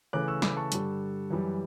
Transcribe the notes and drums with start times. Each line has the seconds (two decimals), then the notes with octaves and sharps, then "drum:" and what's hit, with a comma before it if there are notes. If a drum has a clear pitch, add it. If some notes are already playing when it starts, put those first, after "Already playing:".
0.13 C#3 E3 A3 D6 F#6
0.28 C#6 E6
0.42 B5 D6, drum: snare
0.57 A5 C#6
0.72 G2 D3 G3, drum: hi-hat
1.31 F#2 E3 G3